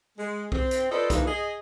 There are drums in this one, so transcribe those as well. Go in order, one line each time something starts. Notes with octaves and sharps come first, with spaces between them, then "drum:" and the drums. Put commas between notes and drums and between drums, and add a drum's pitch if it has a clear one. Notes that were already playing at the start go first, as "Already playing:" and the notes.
G#3
C4, drum: kick
drum: hi-hat
F4 A4 B4 C5 D5 D#5
D3 E3 F3 G3 A#3 D#4, drum: kick, hi-hat
G#4 D#5